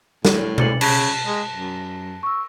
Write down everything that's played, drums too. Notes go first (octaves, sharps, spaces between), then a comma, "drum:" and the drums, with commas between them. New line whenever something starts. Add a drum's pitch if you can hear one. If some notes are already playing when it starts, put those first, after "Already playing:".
A2, drum: snare
A6 C#7 F#7, drum: tom B2
C#3 A5 F#6, drum: cymbal
G#3
F#2
C#6 E6